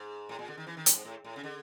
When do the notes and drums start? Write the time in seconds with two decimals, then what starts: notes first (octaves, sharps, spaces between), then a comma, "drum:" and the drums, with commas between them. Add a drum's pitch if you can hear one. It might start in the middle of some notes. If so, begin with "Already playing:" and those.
Already playing: G#2
0.29 A2
0.39 A#2
0.48 D3
0.57 D#3
0.67 E3
0.77 D#3
0.86 A2, drum: hi-hat
0.95 G#2
1.05 A2
1.24 A2
1.36 C#3
1.43 D3